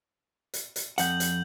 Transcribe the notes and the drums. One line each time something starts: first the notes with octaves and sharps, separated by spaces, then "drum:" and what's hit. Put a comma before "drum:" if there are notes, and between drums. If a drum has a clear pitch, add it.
drum: hi-hat
drum: hi-hat
F2 F#5 G6 F#7, drum: hi-hat
drum: hi-hat